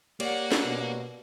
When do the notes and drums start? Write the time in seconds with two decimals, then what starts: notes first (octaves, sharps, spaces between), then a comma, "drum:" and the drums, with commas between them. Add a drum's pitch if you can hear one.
0.20 A#3 G4 C#5 D5 F#5, drum: cymbal
0.52 drum: snare
0.64 B2